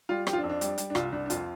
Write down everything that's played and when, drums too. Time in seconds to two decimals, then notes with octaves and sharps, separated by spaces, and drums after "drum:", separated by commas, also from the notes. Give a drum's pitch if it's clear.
0.09 G3 F4
0.27 F3 G4, drum: rim click
0.33 F4
0.38 D4
0.43 F2
0.50 D4
0.61 G3, drum: hi-hat
0.78 G3, drum: hi-hat
0.90 D4
0.95 C2 F4, drum: rim click
1.12 C2 D4
1.26 D4
1.30 F2 F4, drum: hi-hat